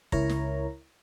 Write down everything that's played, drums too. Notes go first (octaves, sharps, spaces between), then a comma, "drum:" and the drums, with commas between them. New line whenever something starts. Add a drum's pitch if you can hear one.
C#2 E4 A#4 C#5 A#5, drum: kick
drum: snare